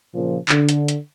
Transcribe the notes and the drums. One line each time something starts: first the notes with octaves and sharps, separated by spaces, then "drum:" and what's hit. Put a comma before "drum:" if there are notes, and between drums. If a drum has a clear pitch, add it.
A#2 C#3 F3
D3, drum: clap
drum: hi-hat
drum: hi-hat